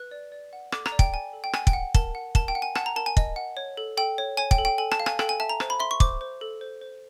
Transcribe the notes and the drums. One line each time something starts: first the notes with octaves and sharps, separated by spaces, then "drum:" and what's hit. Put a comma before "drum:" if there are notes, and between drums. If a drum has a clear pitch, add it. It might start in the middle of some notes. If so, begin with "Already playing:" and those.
Already playing: B4 F#6
D5
D5
F#5
A4 D6, drum: rim click
A#5, drum: rim click
D5
G5, drum: kick
D5 G#5
A4
G5
F#5 G#5, drum: rim click
G5, drum: kick
F#5
A#4 A5, drum: kick
F#5
A#4 A5, drum: kick
G5
F#5
G#5
F#5 A5, drum: rim click
A#5
A#4 A5
G#5
D#5, drum: kick
F#5
C#5
A4
A4 G5
C#5
C#5 G#5
G5, drum: kick
A4
G5
A4 G#5
A5, drum: rim click
F5
G#5, drum: rim click
A4 G5, drum: rim click
G#5
E5 A5
A#5
C5, drum: rim click
B5
E5 C6
C#6
C5 D6, drum: kick
C5
A4
C5
C5